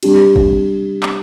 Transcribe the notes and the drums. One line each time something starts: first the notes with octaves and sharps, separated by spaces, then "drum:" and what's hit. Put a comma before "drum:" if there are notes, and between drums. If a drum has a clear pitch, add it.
G3 D4 G4, drum: cymbal
drum: kick G#1
drum: clap